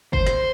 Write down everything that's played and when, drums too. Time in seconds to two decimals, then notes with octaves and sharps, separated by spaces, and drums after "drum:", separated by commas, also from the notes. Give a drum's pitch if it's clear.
0.13 C5, drum: kick
0.27 drum: snare